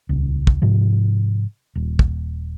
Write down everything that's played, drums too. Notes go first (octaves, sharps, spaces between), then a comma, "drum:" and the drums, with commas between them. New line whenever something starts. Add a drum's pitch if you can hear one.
D#1 C#2
drum: kick
G#2 C3 F3
D#1
drum: kick